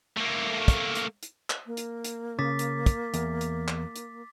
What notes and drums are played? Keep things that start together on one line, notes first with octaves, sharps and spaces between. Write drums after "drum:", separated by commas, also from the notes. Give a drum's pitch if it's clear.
A3 A#3
drum: kick, hi-hat
drum: hi-hat
drum: hi-hat
drum: clap
A#3
drum: hi-hat
drum: hi-hat
C#3 D6 A6 B6
drum: hi-hat
drum: kick, hi-hat
E2, drum: hi-hat
drum: hi-hat
drum: clap
drum: hi-hat